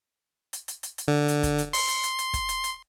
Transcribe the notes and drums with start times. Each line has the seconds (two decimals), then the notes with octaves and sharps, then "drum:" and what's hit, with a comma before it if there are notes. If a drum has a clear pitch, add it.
0.53 drum: hi-hat
0.68 drum: hi-hat
0.83 drum: hi-hat
0.98 drum: hi-hat
1.08 D3
1.28 drum: hi-hat
1.43 drum: kick, hi-hat
1.58 drum: hi-hat
1.73 C6, drum: open hi-hat
1.88 drum: hi-hat
2.03 drum: hi-hat
2.19 drum: hi-hat
2.34 drum: kick, hi-hat
2.49 drum: hi-hat
2.64 drum: hi-hat